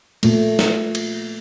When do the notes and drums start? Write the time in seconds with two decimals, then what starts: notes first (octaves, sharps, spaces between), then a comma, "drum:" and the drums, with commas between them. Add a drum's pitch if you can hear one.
0.23 A#2 A3, drum: cymbal
0.59 drum: snare
0.95 drum: cymbal